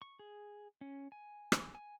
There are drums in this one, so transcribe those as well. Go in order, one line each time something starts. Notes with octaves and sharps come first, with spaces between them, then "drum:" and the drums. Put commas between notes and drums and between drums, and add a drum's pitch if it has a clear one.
C#6
G#4
C#4
G#5
drum: rim click
G#5